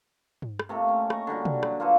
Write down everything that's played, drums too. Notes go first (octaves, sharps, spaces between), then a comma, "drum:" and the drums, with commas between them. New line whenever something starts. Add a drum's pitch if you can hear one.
drum: tom
drum: rim click
C3 A3 A#3 A4
C#4
D#5 A#5 C#6, drum: rim click
D3 G3 F#4 A#4
drum: tom
F#3, drum: rim click
A#3 F4 A4 B4